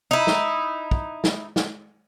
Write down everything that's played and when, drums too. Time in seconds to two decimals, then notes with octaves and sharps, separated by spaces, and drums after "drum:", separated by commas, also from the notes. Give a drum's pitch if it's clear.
0.11 D#4 E4
0.27 drum: snare
0.91 drum: kick
1.24 drum: snare
1.56 drum: snare